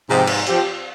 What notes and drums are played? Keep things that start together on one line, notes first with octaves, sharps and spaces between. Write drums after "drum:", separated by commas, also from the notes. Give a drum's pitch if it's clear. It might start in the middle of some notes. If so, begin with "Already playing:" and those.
G#2 C3 F3 C4 G4
drum: cymbal
F3 C4 G4, drum: hi-hat